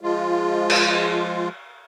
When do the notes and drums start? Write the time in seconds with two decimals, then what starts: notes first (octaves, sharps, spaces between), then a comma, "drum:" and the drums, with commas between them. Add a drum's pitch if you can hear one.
0.01 F3 G#3 F4
0.70 drum: cymbal